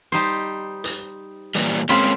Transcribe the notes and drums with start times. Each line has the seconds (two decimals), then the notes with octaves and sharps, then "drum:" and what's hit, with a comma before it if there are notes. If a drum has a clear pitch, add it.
0.12 G3 D#4 C5
0.84 drum: hi-hat
1.55 A#2 E3 G3, drum: hi-hat
1.89 G#3 A#3 C4 C#4 F4 B5, drum: rim click